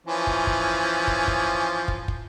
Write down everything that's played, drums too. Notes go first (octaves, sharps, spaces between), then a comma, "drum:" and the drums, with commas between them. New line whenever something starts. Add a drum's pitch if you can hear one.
E3 F3 C#4
drum: kick
drum: kick
drum: kick
drum: kick
drum: kick
drum: kick